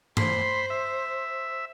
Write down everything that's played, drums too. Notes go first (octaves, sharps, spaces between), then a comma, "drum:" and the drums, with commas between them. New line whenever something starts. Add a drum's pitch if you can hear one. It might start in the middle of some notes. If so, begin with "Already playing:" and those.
C5 B5 C6, drum: tom
E5